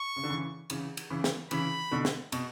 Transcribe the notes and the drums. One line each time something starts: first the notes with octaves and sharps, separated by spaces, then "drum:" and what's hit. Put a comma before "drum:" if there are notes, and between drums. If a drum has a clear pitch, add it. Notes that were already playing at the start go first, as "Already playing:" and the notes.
Already playing: C#6
C#3
D3
C#3 E3
C#3 E3, drum: cymbal
drum: cymbal
C#3 E3
drum: snare
C#3 E3 B5, drum: cymbal
B2 D3
drum: snare
B2, drum: cymbal